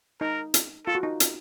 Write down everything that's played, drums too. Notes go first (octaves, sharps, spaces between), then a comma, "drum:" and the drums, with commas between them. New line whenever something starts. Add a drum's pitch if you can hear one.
D#4 A#4
drum: hi-hat
F4 A4
F#4
D#4
drum: hi-hat